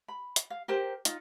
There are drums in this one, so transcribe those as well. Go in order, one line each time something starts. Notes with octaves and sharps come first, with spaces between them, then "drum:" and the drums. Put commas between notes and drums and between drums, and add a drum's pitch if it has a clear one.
B5
drum: hi-hat
F5
G4 A#4 C5
D#4 F4, drum: hi-hat